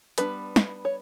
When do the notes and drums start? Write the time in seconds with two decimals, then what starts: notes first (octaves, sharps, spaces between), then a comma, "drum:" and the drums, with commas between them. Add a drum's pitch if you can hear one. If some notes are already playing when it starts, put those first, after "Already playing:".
0.18 G3 B3 D4 B4, drum: hi-hat
0.56 drum: snare
0.85 C#5